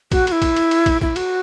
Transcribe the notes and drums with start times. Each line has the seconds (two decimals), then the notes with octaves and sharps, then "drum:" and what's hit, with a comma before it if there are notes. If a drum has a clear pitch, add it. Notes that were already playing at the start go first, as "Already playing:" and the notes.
0.12 F#4, drum: kick, cymbal
0.27 F#4, drum: cymbal
0.32 E4
0.42 drum: kick, cymbal
0.56 drum: cymbal
0.71 drum: cymbal
0.86 drum: kick, cymbal
1.01 E4, drum: kick
1.16 F#4, drum: cymbal